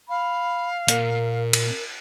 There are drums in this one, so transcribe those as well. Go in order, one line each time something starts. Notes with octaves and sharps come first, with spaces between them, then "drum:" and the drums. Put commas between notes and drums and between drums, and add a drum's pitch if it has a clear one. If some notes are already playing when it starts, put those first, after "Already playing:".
F5 B5
A#2 A#4, drum: hi-hat
drum: cymbal